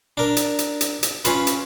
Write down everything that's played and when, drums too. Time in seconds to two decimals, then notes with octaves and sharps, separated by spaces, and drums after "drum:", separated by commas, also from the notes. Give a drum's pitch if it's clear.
0.17 D4 A#4
0.37 drum: hi-hat
0.59 drum: hi-hat
0.81 drum: hi-hat
1.03 drum: hi-hat
1.25 C#4 F4 B4, drum: hi-hat
1.47 drum: hi-hat